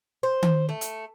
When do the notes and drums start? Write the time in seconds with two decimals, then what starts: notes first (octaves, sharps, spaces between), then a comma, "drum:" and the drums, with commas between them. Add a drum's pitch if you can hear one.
0.23 C5
0.43 drum: tom D#3
0.69 A3
0.81 drum: hi-hat